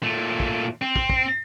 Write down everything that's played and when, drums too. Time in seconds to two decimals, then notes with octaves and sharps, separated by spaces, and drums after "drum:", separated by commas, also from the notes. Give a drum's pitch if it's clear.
0.03 A#2 A3
0.40 drum: kick
0.82 C4
0.96 drum: kick
1.10 drum: kick